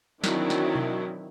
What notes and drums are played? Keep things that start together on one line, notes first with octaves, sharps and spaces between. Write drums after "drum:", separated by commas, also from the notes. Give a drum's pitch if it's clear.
D#3 E3 F#3 C4 D4 E4, drum: snare
drum: snare
drum: tom B2